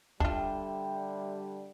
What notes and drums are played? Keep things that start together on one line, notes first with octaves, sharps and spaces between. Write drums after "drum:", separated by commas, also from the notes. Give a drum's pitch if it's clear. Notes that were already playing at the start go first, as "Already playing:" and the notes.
D3 G3 D4 F4 E5 G5, drum: kick